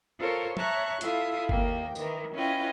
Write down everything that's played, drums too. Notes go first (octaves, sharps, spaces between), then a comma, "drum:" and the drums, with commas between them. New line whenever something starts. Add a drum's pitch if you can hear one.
F4 A4 A#4 C5 C#5
C#5 E5 A5 A#5 C#6 F#6, drum: tom
E4 F4 A4 E5 F5 D#6, drum: hi-hat
D#2 A#3 G5, drum: kick G1
D#3 E3 A#4, drum: tambourine
C#4 E4 F4 B4 D#5 G5